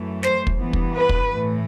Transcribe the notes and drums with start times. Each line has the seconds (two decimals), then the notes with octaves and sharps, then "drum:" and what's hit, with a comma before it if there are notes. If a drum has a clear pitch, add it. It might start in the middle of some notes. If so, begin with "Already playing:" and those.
Already playing: F#2 E3 A3
0.23 C5, drum: snare
0.47 drum: kick
0.59 G2 E3 B3
0.73 drum: kick
0.95 B4
1.09 drum: kick
1.31 A2 E3 A3